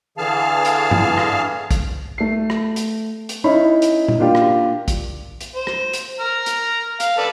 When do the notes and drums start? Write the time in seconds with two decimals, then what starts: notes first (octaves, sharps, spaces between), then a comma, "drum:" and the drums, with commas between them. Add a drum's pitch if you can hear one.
0.18 D3 E3 G#4 F5 A5 F6
0.65 drum: hi-hat
0.91 drum: tom G2
1.18 drum: rim click
1.71 drum: kick A#1, hi-hat
2.18 A3 C7
2.50 drum: rim click
2.76 drum: hi-hat
3.29 drum: hi-hat
3.44 C#4 D#4 E4 B5
3.82 drum: hi-hat
4.08 drum: tom A#2
4.19 A#3 D4 F4 G4
4.35 drum: rim click
4.88 drum: kick A#1, hi-hat
5.41 drum: hi-hat
5.55 C5
5.67 drum: rim click
5.93 drum: hi-hat
6.20 A#5 F6
6.46 drum: hi-hat
7.00 F5, drum: hi-hat
7.18 A4 B4 D5